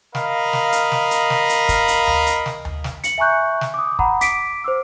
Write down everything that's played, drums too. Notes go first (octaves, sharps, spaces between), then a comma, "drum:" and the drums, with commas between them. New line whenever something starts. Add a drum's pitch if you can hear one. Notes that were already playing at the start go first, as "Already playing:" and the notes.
A#4 D#5 F5 B5, drum: snare
drum: snare
drum: hi-hat
drum: snare
drum: hi-hat
drum: snare
drum: hi-hat
drum: kick, hi-hat
drum: hi-hat
drum: tom D2
drum: hi-hat
drum: snare
drum: tom D2
drum: snare
C#7 F#7, drum: hi-hat
E5 G#5 A#5 C#6 F#6 G6
drum: snare
D6 D#6
F#5 A#5 B5, drum: kick
D6 B6 C7 D7, drum: hi-hat
C5 D6 E6